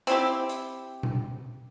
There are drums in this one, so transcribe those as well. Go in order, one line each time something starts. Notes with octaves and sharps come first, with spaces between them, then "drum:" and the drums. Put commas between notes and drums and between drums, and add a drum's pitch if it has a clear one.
C4 E4 G4, drum: hi-hat
drum: hi-hat
drum: tom B2